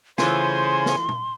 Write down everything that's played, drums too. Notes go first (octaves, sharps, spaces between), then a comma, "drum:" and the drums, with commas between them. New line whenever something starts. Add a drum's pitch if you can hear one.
C#3 E3 A3 F4 G#4 C5 C6, drum: snare
drum: snare
drum: tom